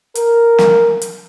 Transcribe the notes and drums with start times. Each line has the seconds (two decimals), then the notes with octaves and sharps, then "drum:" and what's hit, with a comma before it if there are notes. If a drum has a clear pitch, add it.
0.15 A#4, drum: hi-hat
0.58 drum: snare
1.02 drum: hi-hat